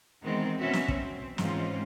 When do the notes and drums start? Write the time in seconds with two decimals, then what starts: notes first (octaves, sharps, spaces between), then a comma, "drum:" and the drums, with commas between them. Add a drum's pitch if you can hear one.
0.24 D#3 E3 G#3 B3 C4
0.59 B2 B3 C#4 F#4 E5
0.73 drum: snare
0.88 C4, drum: kick
1.38 G#2 E3 G#3 C4 C#4 F4, drum: snare